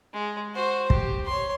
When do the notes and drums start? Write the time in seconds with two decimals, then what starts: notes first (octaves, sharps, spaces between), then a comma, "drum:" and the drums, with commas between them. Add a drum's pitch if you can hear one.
0.13 G#3
0.55 F#4 C5
0.90 G4, drum: kick
1.26 C#5 C6